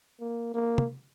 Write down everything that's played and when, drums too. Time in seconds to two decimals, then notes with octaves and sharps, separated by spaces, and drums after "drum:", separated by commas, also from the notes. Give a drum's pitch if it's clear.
0.20 A#3
0.54 A#3
0.78 drum: tom